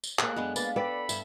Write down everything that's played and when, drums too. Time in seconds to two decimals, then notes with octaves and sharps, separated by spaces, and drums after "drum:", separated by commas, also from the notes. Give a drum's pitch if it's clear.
0.04 drum: tambourine
0.19 A#3 G#4 F#6, drum: clap
0.36 F#2 G#3 B3 D4
0.56 A#3 B4 B5 A6, drum: tambourine
0.76 A4 B4 D5 G5 B5
1.09 G2 E5, drum: tambourine